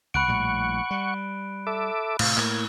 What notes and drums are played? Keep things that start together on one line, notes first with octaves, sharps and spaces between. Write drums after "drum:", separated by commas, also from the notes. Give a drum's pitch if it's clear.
C#2 F#5 B5 C#6 F#6 D7
A#1 A2 G3
G3
A4 E5 D6
A2 C3 F5, drum: cymbal
A2 A#3 G#6, drum: clap